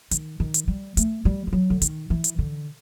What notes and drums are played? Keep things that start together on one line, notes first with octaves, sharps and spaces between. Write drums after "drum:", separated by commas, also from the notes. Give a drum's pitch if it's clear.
D#3, drum: hi-hat
D#3
drum: hi-hat
G3
A3, drum: hi-hat
G3
G3
F#3
D3
D#3, drum: hi-hat
E3
drum: hi-hat
D3